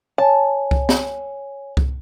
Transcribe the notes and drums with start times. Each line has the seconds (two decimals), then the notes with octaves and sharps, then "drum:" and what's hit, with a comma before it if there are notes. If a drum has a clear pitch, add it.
0.18 C#5 G#5 A5
0.71 drum: kick C2
0.89 drum: snare
1.77 drum: kick C2